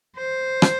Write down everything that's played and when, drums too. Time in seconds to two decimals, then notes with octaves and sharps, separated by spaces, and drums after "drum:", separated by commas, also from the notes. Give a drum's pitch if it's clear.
0.17 C5
0.62 drum: rim click